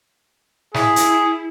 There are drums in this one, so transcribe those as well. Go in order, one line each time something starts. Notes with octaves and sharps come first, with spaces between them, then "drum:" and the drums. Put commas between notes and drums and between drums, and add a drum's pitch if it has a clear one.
E4 G#4, drum: snare
drum: hi-hat